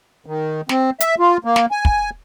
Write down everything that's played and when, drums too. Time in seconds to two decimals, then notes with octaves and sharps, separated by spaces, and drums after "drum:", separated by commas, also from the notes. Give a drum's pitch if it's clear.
0.26 D#3
0.69 C4, drum: snare
1.00 E5, drum: hi-hat
1.19 F4
1.44 A#3
1.56 drum: snare
1.71 G#5
1.85 drum: kick